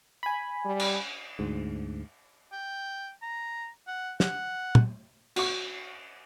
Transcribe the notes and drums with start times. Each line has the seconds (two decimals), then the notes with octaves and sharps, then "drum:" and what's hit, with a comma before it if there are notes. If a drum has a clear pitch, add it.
0.23 G#5 B5
0.66 G3
0.79 drum: cymbal
1.39 D2 G#2
2.52 G5
3.23 A#5
3.87 F#5
4.20 F#5, drum: snare
4.75 drum: tom
5.36 F#4 C#6, drum: cymbal